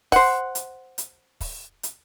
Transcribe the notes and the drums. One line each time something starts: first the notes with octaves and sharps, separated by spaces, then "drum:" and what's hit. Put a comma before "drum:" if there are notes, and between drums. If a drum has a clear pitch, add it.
C5 F#5, drum: kick, open hi-hat
drum: hi-hat
drum: hi-hat
drum: kick, open hi-hat
drum: hi-hat